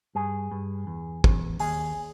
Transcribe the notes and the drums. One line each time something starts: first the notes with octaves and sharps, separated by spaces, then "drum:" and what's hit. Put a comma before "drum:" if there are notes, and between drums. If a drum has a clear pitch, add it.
G2 G#4
G2
E2
E2, drum: kick
D#2 G#4, drum: open hi-hat